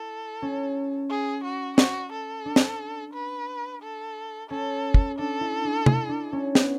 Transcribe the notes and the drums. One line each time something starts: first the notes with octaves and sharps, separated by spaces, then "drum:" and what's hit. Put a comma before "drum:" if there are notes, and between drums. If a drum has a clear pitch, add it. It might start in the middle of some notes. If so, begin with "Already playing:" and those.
Already playing: E4 A4
C#4
G#4
F#4
F#4, drum: snare
A4
D4
drum: snare
B4
A4
C#4 A4
drum: kick
D4 A4
E4
D4
E4, drum: tom C3
D4
C#4
B3, drum: snare